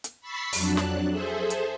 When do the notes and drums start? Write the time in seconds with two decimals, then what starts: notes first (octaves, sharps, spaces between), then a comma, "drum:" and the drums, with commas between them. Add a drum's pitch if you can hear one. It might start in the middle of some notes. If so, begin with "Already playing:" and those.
0.04 drum: hi-hat
0.21 B5 C#6 E6 A6 B6 C7
0.53 F2 F#3 D4 A5 F#6, drum: open hi-hat
0.77 drum: snare
1.10 G#4 A4 C5 E5
1.50 drum: hi-hat